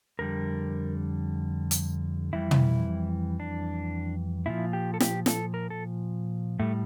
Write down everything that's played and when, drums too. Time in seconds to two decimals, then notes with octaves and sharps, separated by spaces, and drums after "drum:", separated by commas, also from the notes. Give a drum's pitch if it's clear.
0.19 F2 D3 G3 A#4
1.71 drum: hi-hat
2.33 F2 E3 G3 E4
2.51 drum: tom
3.40 D4
4.46 A#2 F3 E4
4.73 G4
4.94 A4
5.00 G4, drum: snare
5.26 A4, drum: snare
5.54 A#4
5.70 A4
6.60 A2 G3 A3